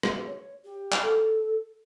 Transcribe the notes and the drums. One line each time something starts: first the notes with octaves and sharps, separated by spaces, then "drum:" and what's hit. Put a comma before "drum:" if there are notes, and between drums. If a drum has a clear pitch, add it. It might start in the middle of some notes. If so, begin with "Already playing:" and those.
drum: rim click
C#5
G4
drum: clap
A4